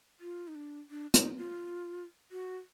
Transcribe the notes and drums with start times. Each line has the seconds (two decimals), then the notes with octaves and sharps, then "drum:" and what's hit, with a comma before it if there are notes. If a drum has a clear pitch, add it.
0.20 F4
0.48 D#4
0.55 D4
0.90 D4
1.14 D#4, drum: hi-hat
1.38 F4
2.31 F#4